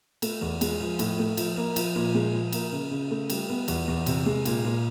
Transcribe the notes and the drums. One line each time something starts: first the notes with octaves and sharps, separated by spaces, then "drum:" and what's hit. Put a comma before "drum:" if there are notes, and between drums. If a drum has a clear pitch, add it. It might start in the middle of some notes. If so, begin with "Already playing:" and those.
A3, drum: cymbal
E2
G#3, drum: cymbal
F3
A2, drum: cymbal
A3
F3, drum: cymbal
A#3
F3, drum: cymbal
A#2
G#3
F3
A#3, drum: cymbal
C#3
C#3
A3
G3, drum: cymbal
B3
E2, drum: cymbal
E2
C3, drum: cymbal
G#3
A#2, drum: cymbal
A#2